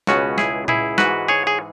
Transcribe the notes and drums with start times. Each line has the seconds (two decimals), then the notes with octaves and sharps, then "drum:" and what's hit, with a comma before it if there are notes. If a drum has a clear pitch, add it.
0.07 C#2 B2 B3 C#4 F#4, drum: snare
0.38 E4 G#4, drum: snare
0.68 E4 G#4, drum: tom A#2
0.98 G#2 E3 G#3 F#4 B4, drum: snare
1.28 G#4 C#5
1.47 G#4